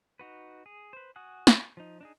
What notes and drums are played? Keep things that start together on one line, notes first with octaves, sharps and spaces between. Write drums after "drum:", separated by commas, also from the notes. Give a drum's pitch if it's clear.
D#4 F#4 B4
G#4
B4 C5
F#4 F#5 G#5 D#6 F#6
drum: snare
F3 D#4
D4 D#4 G#4